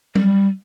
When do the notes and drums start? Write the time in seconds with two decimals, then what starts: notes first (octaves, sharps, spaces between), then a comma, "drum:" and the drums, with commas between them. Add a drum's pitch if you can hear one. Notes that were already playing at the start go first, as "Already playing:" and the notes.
0.15 G3, drum: tom F#3